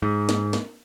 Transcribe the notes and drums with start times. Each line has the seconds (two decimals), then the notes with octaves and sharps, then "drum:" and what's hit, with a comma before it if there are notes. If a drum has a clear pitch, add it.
0.02 G#2
0.29 drum: snare
0.53 drum: snare